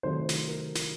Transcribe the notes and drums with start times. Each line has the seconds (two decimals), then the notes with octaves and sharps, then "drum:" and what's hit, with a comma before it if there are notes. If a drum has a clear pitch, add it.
0.03 C3 D#3 F#3 A3 C5
0.29 drum: snare
0.48 A#4
0.75 drum: snare